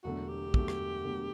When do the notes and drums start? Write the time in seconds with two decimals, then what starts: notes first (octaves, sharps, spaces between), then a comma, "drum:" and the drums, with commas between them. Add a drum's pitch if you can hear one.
0.03 E1 E2 D3 F#3 A3 F#4
0.29 G4
0.54 E1 E2 D3 F#3 A3, drum: kick
0.68 drum: rim click
1.04 E1 E2 D3 F#3 A3